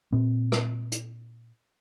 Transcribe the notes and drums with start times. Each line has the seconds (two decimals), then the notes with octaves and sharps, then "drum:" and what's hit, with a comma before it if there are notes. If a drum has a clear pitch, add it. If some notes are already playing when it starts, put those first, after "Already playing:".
0.12 A#2 C4
0.52 drum: rim click
0.92 drum: hi-hat